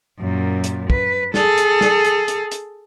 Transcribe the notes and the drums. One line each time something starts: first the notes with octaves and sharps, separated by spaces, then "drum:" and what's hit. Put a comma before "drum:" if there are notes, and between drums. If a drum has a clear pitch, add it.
F#2 A#2
drum: hi-hat
B4, drum: kick
G#4 A4, drum: snare
drum: hi-hat
drum: snare
drum: hi-hat
drum: hi-hat
drum: hi-hat